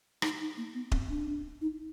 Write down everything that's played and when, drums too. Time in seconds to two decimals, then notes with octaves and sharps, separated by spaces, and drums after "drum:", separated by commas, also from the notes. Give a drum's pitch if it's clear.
0.22 D#4, drum: rim click
0.40 D#4
0.57 A#3
0.74 B3
0.92 C4, drum: kick D#1
1.09 D4
1.61 D#4